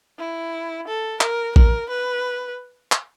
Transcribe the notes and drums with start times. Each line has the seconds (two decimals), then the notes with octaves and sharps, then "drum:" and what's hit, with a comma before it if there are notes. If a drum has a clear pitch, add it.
0.19 E4
0.88 A4
1.21 A#4, drum: clap
1.56 A#4, drum: kick
1.89 B4
2.92 drum: clap